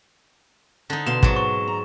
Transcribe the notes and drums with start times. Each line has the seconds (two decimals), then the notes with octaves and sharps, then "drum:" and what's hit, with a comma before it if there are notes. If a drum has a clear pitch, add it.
0.90 D3 D#4
1.06 B2 F5 C6 E7
1.23 G#2 F#3, drum: kick
1.36 C#6
1.67 A#5